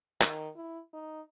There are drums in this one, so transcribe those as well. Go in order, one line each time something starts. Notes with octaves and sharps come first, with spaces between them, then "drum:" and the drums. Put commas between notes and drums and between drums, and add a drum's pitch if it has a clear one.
D#3, drum: clap
E4
D#4